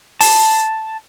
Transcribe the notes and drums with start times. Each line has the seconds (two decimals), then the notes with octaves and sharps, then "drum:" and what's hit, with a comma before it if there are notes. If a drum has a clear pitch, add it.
0.21 A5, drum: open hi-hat